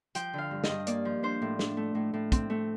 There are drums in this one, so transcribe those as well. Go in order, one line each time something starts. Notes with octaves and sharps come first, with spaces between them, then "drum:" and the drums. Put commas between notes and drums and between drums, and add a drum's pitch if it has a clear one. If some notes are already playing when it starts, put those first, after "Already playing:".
F3 G5, drum: hi-hat
D3 F5
G2
D#5, drum: snare
G2
A#3 D5, drum: hi-hat
F3
D4 C5
A2
D4, drum: snare
A3
A2
A2
C4, drum: kick, hi-hat
A3